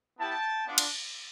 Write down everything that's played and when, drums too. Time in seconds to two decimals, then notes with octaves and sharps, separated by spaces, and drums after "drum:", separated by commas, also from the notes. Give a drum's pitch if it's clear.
0.18 B3 E4 G4 G5 A5
0.67 B3 D4 F4
0.78 drum: cymbal